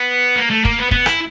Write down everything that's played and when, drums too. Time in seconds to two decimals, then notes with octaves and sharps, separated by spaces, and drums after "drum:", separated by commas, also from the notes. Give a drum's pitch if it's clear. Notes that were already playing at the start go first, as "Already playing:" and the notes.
Already playing: B3
0.36 A#3
0.51 A3
0.65 A#3, drum: kick
0.79 B3
0.91 B3, drum: kick
1.06 E4, drum: rim click